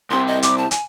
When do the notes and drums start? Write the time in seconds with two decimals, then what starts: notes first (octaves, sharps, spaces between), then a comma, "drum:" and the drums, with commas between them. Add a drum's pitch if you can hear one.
0.10 C2 C3 C6
0.27 D#5
0.43 D6, drum: hi-hat
0.58 A5
0.71 G#5, drum: hi-hat